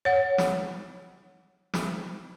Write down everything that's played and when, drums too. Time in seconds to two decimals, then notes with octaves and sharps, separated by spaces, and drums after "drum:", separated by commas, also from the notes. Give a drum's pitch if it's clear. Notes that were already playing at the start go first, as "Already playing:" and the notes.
0.05 C#5 F#5
0.38 drum: snare
1.74 drum: snare